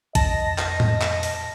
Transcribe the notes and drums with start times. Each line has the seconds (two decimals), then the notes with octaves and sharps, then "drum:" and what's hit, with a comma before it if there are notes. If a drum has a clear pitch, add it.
0.15 F2 D#5 A5 A#6, drum: kick A1, hi-hat
0.58 drum: clap
0.80 drum: tom A2
1.01 drum: clap
1.23 drum: open hi-hat